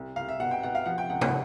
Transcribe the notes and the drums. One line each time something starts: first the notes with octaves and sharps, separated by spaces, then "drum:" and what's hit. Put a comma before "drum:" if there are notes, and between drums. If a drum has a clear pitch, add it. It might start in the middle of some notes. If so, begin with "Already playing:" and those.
Already playing: C2
C2 F5
E5
B2 F#5
G5
B2 F#5
F5
F3 F#5
G5
C#2 F#5
F#5, drum: tom